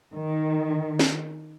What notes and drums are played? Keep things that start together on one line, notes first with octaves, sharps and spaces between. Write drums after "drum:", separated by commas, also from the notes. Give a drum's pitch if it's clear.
D#3
drum: snare